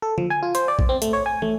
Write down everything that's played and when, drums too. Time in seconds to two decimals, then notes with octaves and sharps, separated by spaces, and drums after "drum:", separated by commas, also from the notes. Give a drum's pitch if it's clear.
0.02 A4
0.18 F3, drum: tom D3
0.30 G#5
0.43 F4
0.55 C5, drum: hi-hat
0.68 D5
0.79 drum: kick A#1
0.89 C4
1.02 A3, drum: hi-hat
1.13 C#5
1.26 G#5
1.42 A3, drum: tom